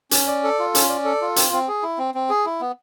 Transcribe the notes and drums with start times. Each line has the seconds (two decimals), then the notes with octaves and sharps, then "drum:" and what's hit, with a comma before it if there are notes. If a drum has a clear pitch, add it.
0.11 C#4, drum: hi-hat
0.27 D5
0.44 A4
0.59 F4
0.75 C#4, drum: hi-hat
0.89 D5
1.05 A4
1.21 F4
1.36 C4, drum: hi-hat
1.53 C4
1.68 G#4
1.83 E4
1.98 C4
2.14 C4
2.30 G#4
2.45 E4
2.61 B3